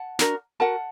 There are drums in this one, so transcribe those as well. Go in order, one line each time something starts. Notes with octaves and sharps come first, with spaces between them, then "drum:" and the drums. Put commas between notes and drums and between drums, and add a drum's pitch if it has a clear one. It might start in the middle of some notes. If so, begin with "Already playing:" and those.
Already playing: F#5 A5
D4 F#4 A#4, drum: snare
F#4 A#4 F#5 A5